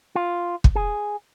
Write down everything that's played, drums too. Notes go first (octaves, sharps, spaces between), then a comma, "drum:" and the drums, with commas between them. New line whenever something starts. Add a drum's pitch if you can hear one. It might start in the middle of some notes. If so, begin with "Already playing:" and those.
F4
drum: kick
G#4